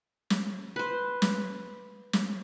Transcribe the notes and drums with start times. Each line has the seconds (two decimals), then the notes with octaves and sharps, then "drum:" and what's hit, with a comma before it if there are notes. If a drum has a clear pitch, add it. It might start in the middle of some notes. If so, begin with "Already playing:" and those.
0.30 drum: snare
0.76 B4 C5
1.22 drum: snare
2.13 drum: snare